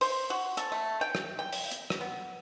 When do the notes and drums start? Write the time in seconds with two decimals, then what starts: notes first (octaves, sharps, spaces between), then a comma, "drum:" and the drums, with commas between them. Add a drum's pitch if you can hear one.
0.01 C5, drum: open hi-hat
0.30 F#4
0.57 A4, drum: hi-hat
0.72 A3
1.01 G5
1.15 drum: rim click
1.39 G5
1.53 drum: open hi-hat
1.71 drum: hi-hat
1.90 drum: rim click
2.01 B3